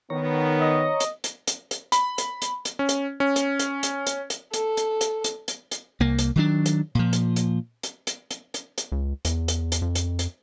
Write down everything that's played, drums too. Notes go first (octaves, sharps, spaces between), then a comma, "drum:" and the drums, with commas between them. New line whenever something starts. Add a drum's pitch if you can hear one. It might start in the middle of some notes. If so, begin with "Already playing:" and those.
D#3 B3 C#5 A#5
D#5
drum: hi-hat
drum: hi-hat
drum: hi-hat
drum: hi-hat
B5, drum: hi-hat
drum: hi-hat
drum: hi-hat
drum: hi-hat
C#4
drum: hi-hat
C#4
drum: hi-hat
drum: hi-hat
drum: hi-hat
drum: hi-hat
drum: hi-hat
A4, drum: hi-hat
drum: hi-hat
drum: hi-hat
drum: hi-hat
drum: hi-hat
drum: hi-hat
C2 A#3
drum: hi-hat
D#3 F#3 D4
drum: hi-hat
A#2 F3
drum: hi-hat
drum: hi-hat
drum: hi-hat
drum: hi-hat
drum: hi-hat
drum: hi-hat
drum: hi-hat
C#2
E2, drum: hi-hat
drum: hi-hat
drum: hi-hat
F2
drum: hi-hat
drum: hi-hat